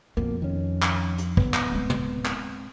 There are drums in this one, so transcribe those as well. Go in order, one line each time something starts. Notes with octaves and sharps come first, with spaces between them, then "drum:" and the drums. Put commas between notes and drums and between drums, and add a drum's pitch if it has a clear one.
F2 B2 A#3
D#3 C#4
drum: clap
drum: hi-hat
D1 G#1 B3, drum: kick
drum: clap
G#3 C4
drum: tom
drum: clap